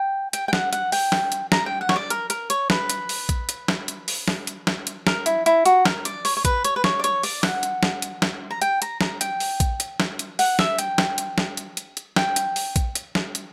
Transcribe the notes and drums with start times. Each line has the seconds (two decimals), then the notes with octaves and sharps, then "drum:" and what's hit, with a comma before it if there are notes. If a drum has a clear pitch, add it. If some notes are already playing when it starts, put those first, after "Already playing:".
Already playing: G5
0.33 G5, drum: hi-hat
0.48 G5
0.53 F#5, drum: snare
0.73 F#5, drum: hi-hat
0.92 G5, drum: open hi-hat
1.12 drum: snare
1.32 drum: hi-hat
1.52 A#5, drum: snare
1.66 G5
1.81 F#5
1.89 C#5, drum: snare
1.96 D5
2.10 A#4, drum: hi-hat
2.30 A#4, drum: hi-hat
2.50 C#5, drum: hi-hat
2.70 B4, drum: snare
2.90 drum: hi-hat
3.09 drum: open hi-hat
3.29 drum: kick A#1, hi-hat
3.49 drum: hi-hat
3.68 drum: snare
3.88 drum: hi-hat
4.08 drum: open hi-hat
4.28 drum: snare
4.47 drum: hi-hat
4.67 drum: snare
4.87 drum: hi-hat
5.07 A#4, drum: snare
5.26 E4, drum: hi-hat
5.46 E4, drum: hi-hat
5.65 F#4, drum: hi-hat
5.85 A#4, drum: snare
6.05 D5, drum: hi-hat
6.25 C#5, drum: open hi-hat
6.37 C#5
6.45 B4, drum: kick A#1, hi-hat
6.64 C#5, drum: hi-hat
6.76 B4
6.84 C#5, drum: snare
6.99 D5
7.04 C#5, drum: hi-hat
7.23 D5, drum: open hi-hat
7.43 F#5, drum: snare
7.63 drum: hi-hat
7.83 drum: snare
8.02 drum: hi-hat
8.22 drum: snare
8.51 A#5
8.62 G5, drum: hi-hat
8.82 A#5, drum: hi-hat
9.01 A#5, drum: snare
9.21 G5, drum: hi-hat
9.40 drum: open hi-hat
9.60 drum: kick A#1, hi-hat
9.80 drum: hi-hat
10.00 drum: snare
10.19 drum: hi-hat
10.39 F#5, drum: open hi-hat
10.59 E5, drum: snare
10.78 G5, drum: hi-hat
10.98 drum: snare
11.18 drum: hi-hat
11.38 drum: snare
11.57 drum: hi-hat
11.77 drum: hi-hat
11.97 drum: hi-hat
12.16 G5, drum: snare
12.36 drum: hi-hat
12.56 drum: open hi-hat
12.76 drum: kick A#1, hi-hat
12.95 drum: hi-hat
13.15 drum: snare
13.35 drum: hi-hat